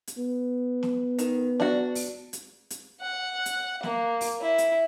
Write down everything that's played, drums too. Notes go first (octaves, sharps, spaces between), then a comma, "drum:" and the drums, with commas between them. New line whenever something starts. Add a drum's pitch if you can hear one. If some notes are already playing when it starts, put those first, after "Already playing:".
drum: hi-hat
B3
drum: snare
D#3, drum: hi-hat
D4 F#4, drum: snare
drum: open hi-hat
drum: hi-hat
drum: hi-hat
F#5
drum: hi-hat
A#3, drum: snare
drum: open hi-hat
E4
drum: hi-hat